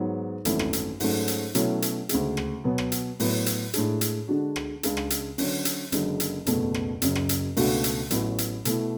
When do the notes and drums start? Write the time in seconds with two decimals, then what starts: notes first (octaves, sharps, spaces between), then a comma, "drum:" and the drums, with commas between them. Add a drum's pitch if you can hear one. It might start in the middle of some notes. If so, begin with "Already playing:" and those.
Already playing: G#2 F#3 B3
0.45 G#1 F#2 E3 A3 E4, drum: hi-hat
0.59 drum: rim click
0.73 drum: hi-hat
1.00 G#2 F#3 A3 C#4, drum: open hi-hat
1.28 drum: hi-hat
1.55 B2 F#3 A3 C#4 E4, drum: hi-hat
1.82 drum: hi-hat
2.09 D2 C#3 G#3, drum: hi-hat
2.37 drum: rim click
2.64 B2 F#3 B3
2.78 drum: rim click
2.92 drum: hi-hat
3.20 A2 F#3 B3, drum: open hi-hat
3.46 drum: hi-hat
3.73 A2 G#3 D4 G#4, drum: hi-hat
4.01 drum: hi-hat
4.28 D3 G#3 D4 F#4
4.56 drum: rim click
4.83 C#2 C#3 G#3 D4, drum: hi-hat
4.97 drum: rim click
5.10 drum: hi-hat
5.38 D3 F#3 C#4, drum: open hi-hat
5.65 drum: hi-hat
5.92 F#1 F#2 D3 G#3, drum: hi-hat
6.20 drum: hi-hat
6.46 F#1 E2 B2 A3, drum: hi-hat
6.74 drum: rim click
7.02 F#1 F#2 C#3, drum: hi-hat
7.15 drum: rim click
7.29 drum: hi-hat
7.57 C#2 B2 A3 D4 F#4, drum: open hi-hat
7.84 drum: hi-hat
8.11 A1 A2 F#3 B3, drum: hi-hat
8.38 drum: hi-hat
8.65 B2 A3 E4, drum: hi-hat